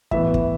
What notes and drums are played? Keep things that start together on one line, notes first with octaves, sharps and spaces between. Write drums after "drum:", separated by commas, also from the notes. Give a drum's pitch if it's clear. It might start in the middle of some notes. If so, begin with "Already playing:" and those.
A2 E3 B3 E5, drum: kick
drum: kick